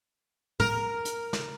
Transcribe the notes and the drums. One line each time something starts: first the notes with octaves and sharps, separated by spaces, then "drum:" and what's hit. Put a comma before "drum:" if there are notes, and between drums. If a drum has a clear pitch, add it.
A#4, drum: tom
drum: hi-hat
drum: snare